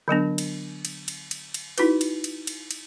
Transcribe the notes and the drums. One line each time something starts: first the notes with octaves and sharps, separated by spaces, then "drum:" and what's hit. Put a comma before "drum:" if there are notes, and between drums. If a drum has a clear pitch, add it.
D3 F#3 B3 D4
drum: cymbal
drum: cymbal
drum: cymbal
drum: cymbal
drum: cymbal
D#4 E4 F#4 B4, drum: cymbal
drum: cymbal
drum: cymbal
drum: cymbal
drum: cymbal